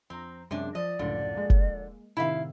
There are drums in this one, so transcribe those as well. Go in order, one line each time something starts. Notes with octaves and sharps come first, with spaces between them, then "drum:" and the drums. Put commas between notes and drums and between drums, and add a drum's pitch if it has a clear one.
F2 C4 A#5
F#2 C3 G#3 D4
F3 D5 D#5
C#2 F#2 A2 D3 F3
G#3 A#3
drum: kick
A2 C3 D#3 E4 E5 F5